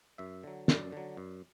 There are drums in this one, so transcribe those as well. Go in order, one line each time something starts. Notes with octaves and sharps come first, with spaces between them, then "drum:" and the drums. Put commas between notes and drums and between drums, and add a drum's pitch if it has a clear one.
F#2 E5
D3 F#3
F#2 D5, drum: snare
D3 F#3
F#2